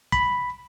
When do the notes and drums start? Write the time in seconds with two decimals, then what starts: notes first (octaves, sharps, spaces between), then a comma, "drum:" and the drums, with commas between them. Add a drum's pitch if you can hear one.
0.12 B5, drum: kick